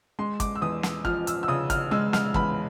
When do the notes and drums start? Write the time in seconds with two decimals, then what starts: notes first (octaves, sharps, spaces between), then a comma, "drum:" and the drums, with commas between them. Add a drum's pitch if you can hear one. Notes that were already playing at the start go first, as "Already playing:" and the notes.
0.19 G#3 C6
0.40 D6, drum: kick, hi-hat
0.56 E6
0.62 E2 D#6
0.83 drum: snare
1.05 F3 F6, drum: kick
1.27 E6, drum: hi-hat
1.43 E6
1.48 C#3 D#6
1.70 F6, drum: kick, hi-hat
1.91 G#3 E6
2.13 F6, drum: snare
2.34 E2 B5, drum: kick